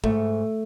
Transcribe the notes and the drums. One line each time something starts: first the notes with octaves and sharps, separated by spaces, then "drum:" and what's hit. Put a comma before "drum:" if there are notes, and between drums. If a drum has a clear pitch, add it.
G#2 A3, drum: kick